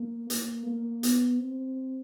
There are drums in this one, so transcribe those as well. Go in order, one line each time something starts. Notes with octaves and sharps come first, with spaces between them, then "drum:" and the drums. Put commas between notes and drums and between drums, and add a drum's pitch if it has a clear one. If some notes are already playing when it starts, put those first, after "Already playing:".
Already playing: A#3
A#3, drum: hi-hat
A#3
B3, drum: hi-hat
C4